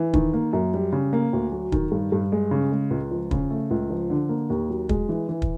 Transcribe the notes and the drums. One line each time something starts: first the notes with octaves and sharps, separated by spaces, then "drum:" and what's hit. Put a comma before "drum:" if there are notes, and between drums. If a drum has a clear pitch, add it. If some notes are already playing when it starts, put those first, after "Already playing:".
Already playing: E3
D#3, drum: kick
A#3
F#2
G3
C#3
A#3
D2
F#3
D#3, drum: kick
G2
G2
G#3
C#3
G#3
C#2
F3
C#3, drum: kick
A3
C#2
F3
D3
A#3
D#2
F#3
G#3, drum: kick
E3
E3
drum: kick